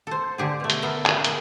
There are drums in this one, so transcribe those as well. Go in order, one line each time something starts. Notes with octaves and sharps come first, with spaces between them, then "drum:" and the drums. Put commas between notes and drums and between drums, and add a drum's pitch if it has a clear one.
A4 C5
D3 G4 G#4
B2 A3
drum: hi-hat
B3 A4 A#4 E5
G#4, drum: clap
A#3 G#4, drum: hi-hat